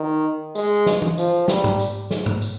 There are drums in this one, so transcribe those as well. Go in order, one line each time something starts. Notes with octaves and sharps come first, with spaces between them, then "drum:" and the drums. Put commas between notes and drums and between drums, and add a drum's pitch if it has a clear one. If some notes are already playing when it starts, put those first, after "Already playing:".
Already playing: D#3
G#3, drum: tambourine
drum: snare
drum: tom E3
F3, drum: tambourine
G3, drum: snare
drum: tom G#2
drum: tambourine
drum: snare
drum: tom G#2
drum: tambourine